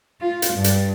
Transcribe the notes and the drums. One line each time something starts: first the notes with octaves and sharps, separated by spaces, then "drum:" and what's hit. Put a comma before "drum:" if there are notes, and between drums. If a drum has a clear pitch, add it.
F4
drum: hi-hat
G2
drum: hi-hat